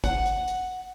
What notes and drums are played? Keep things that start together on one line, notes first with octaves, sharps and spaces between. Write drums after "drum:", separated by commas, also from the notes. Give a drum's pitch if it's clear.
F#5, drum: kick, hi-hat
drum: hi-hat
drum: hi-hat